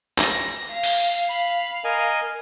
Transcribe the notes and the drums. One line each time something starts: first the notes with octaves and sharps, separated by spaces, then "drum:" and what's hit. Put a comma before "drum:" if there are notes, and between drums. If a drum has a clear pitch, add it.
A#6, drum: clap
F5
drum: open hi-hat
B5
A#4 D#5 G#5